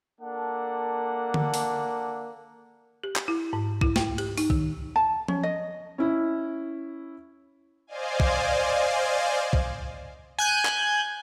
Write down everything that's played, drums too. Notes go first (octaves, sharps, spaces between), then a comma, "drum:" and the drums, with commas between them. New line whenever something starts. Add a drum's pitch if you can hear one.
A#3 D4 A4 F#5
drum: tom D3
drum: open hi-hat
G4
drum: clap
E4
G#2
E4, drum: kick
G5, drum: snare
G4, drum: cymbal
D#4, drum: open hi-hat
D#3, drum: kick
A5
C#4, drum: tom F3
D#5
C#4 E4
C5 D5 D#5 F5 G#5
drum: kick
drum: kick
G#5 F#6 G6
drum: clap